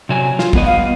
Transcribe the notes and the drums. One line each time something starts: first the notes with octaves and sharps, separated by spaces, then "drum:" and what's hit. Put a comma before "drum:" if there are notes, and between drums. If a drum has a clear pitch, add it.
C3 F#3 G#5
F4, drum: snare
G3 B3 D#5, drum: kick
F5